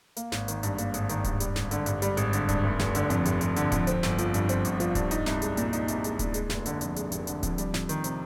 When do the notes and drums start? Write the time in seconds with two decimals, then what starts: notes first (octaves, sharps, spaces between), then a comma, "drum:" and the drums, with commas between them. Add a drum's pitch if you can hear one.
0.17 A#3, drum: hi-hat
0.32 G#1, drum: snare
0.48 D#3, drum: hi-hat
0.63 G2, drum: hi-hat
0.78 A#3, drum: hi-hat
0.94 G#1, drum: hi-hat
1.09 D#3, drum: hi-hat
1.24 G2, drum: kick D1, hi-hat
1.40 G3, drum: hi-hat
1.56 G#1, drum: snare
1.71 D3, drum: hi-hat
1.86 G2, drum: hi-hat
2.02 G3, drum: hi-hat
2.17 G#1, drum: hi-hat
2.33 D3, drum: hi-hat
2.49 G2, drum: kick D1, hi-hat
2.64 F1
2.79 F1, drum: snare
2.95 D3, drum: hi-hat
3.10 F2, drum: hi-hat
3.25 F1, drum: hi-hat
3.41 F1, drum: hi-hat
3.56 D3, drum: hi-hat
3.72 F2, drum: kick D1, hi-hat
3.87 C4, drum: hi-hat
4.03 G1, drum: snare
4.18 F3, drum: hi-hat
4.34 G2, drum: hi-hat
4.49 C4, drum: hi-hat
4.65 G1, drum: hi-hat
4.80 F3, drum: hi-hat
4.95 G2, drum: kick D1, hi-hat
5.11 D#4, drum: hi-hat
5.26 C2, drum: snare
5.42 G#3, drum: hi-hat
5.57 A#2, drum: hi-hat
5.73 D#4, drum: hi-hat
5.88 C2, drum: hi-hat
6.04 G#3, drum: hi-hat
6.19 A#2, drum: kick D1, hi-hat
6.34 G#3, drum: hi-hat
6.50 F1, drum: snare
6.66 D3, drum: hi-hat
6.81 F2, drum: hi-hat
6.96 G#3, drum: hi-hat
7.12 F1, drum: hi-hat
7.27 D3, drum: hi-hat
7.43 F2, drum: kick D1, hi-hat
7.58 G3, drum: hi-hat
7.74 F2, drum: snare
7.89 D#3, drum: hi-hat
8.04 C3, drum: hi-hat